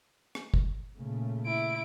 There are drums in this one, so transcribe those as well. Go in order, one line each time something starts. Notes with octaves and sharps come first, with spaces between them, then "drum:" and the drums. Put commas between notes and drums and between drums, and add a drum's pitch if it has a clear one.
drum: rim click
drum: kick
A#2 C#3 A3
E4 D7